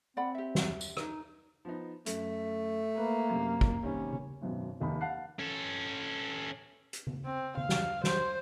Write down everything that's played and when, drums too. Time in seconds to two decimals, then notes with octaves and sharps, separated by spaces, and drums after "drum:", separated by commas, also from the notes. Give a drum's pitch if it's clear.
0.17 C4 D5 F#5 B5
0.35 G4 E5
0.55 drum: snare
0.81 drum: tambourine
0.97 D#4, drum: rim click
1.65 F3 B3 D#4
2.06 F#2 A3, drum: hi-hat
2.97 A#3 B4
3.29 F#2 C3
3.61 drum: kick
3.83 C3 D#3 G3 C#4
4.13 drum: tom C#3
4.41 G#1 F#2 B2
4.80 F1 D#2 D#3 D#4 B5
5.01 F5 F#5 A5 F#6 C7
5.39 C#4 A4
6.93 drum: hi-hat
7.07 drum: tom C#3
7.25 C4
7.57 F5, drum: tom C#3
7.69 drum: snare
8.04 C5, drum: snare